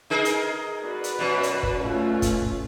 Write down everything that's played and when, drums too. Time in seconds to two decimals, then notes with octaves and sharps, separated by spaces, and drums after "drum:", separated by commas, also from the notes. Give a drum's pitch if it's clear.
0.10 D#4 G#4 A#4
0.25 drum: hi-hat
0.84 F#4 B4 D5
1.04 drum: hi-hat
1.19 F#2 B2
1.43 drum: hi-hat
1.63 drum: kick
1.84 A3 C#4 F4
2.22 drum: kick, hi-hat
2.42 drum: kick